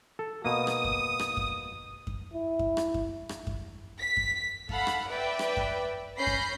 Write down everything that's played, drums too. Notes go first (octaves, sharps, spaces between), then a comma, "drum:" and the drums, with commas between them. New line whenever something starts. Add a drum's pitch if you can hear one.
A4
B2 A#3 D#6
drum: rim click
drum: kick F#2
drum: rim click
drum: kick F#2
drum: kick F#2
E4
drum: kick F#2
drum: rim click
drum: kick F#2
drum: rim click
drum: kick F#2
B6
drum: kick F#2
A4 F5 F#5 B5, drum: kick F#2
drum: rim click
B4 D5 E5 G5
drum: rim click
drum: kick F#2
C#4 B5 G6 A#6 C7
drum: kick F#2